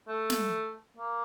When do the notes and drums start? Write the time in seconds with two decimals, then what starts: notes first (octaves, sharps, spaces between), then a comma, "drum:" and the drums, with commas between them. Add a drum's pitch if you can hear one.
0.08 A3
0.30 drum: snare
0.97 A#3